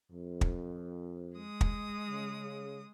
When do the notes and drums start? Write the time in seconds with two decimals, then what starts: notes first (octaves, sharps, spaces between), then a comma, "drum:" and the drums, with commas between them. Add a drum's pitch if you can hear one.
0.11 F2
0.41 drum: kick
1.37 G#3 D#6
1.61 drum: kick
2.09 C#3